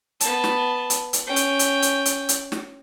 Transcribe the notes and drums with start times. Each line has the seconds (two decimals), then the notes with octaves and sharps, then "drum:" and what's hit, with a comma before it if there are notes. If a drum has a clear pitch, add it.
0.20 B3 A5, drum: hi-hat
0.44 drum: snare
0.90 drum: hi-hat
1.13 drum: hi-hat
1.27 C#4 G5
1.36 drum: hi-hat
1.59 drum: hi-hat
1.82 drum: hi-hat
2.05 drum: hi-hat
2.29 drum: hi-hat
2.52 drum: snare